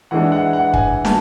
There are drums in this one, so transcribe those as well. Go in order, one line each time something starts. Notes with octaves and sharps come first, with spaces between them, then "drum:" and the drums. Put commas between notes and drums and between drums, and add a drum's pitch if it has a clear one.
E3 G#3 D4 F#5
F#5
F#5
G#5, drum: kick
A5, drum: snare